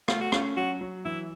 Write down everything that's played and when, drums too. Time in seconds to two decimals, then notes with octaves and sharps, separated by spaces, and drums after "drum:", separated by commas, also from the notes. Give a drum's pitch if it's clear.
0.08 A3 F4, drum: rim click
0.21 F#4
0.32 C#4 F4, drum: rim click
0.57 F#3 F#4
0.81 F#3
1.05 E3 E4